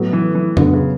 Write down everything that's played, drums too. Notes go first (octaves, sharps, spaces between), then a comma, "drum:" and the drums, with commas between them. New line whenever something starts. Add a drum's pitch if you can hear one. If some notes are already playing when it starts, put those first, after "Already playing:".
Already playing: A2 F#3 B3
E3
E3
A2 D3 F#3 B3, drum: tom F2
C#3